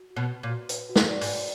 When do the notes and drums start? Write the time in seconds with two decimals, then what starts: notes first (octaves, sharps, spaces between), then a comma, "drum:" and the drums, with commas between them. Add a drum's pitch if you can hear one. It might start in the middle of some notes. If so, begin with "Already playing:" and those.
Already playing: F#4
0.10 F#4
0.16 B2
0.29 B4
0.43 A#2
0.49 F#4
0.69 B4, drum: hi-hat
0.89 F#4
0.96 G2, drum: snare
1.08 D5
1.21 G#2, drum: open hi-hat
1.28 D5